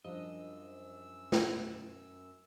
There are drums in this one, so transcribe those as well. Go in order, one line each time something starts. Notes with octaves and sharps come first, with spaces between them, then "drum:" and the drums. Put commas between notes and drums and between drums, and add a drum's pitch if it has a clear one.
F#2 F3 G3 D4 D#5 E6
drum: snare